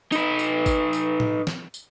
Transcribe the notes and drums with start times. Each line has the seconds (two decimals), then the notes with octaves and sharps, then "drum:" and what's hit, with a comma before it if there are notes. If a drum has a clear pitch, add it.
0.12 D#4 B4, drum: tambourine
0.39 drum: tambourine
0.66 drum: kick G#1, tambourine
0.93 drum: tambourine
1.20 drum: tom A2
1.47 drum: snare
1.74 drum: tambourine